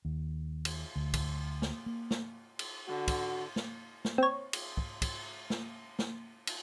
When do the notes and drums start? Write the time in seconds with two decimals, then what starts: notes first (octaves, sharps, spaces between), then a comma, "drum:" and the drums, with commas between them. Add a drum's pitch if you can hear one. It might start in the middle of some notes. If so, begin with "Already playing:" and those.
0.05 D#2
0.65 drum: cymbal
0.96 D2
1.14 drum: kick, cymbal
1.62 drum: snare
1.86 A#3
2.11 drum: snare
2.59 drum: cymbal
2.88 D3 F#4
3.08 drum: kick, cymbal
3.56 drum: snare
4.05 drum: snare
4.18 C4 C#5
4.53 drum: cymbal
4.77 drum: kick
5.02 drum: kick, cymbal
5.50 drum: snare
5.99 drum: snare
6.47 drum: cymbal